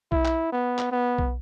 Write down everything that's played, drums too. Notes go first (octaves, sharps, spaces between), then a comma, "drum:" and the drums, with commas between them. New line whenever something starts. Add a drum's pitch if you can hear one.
E4, drum: kick B1
drum: clap
B3
drum: clap
B3
drum: kick B1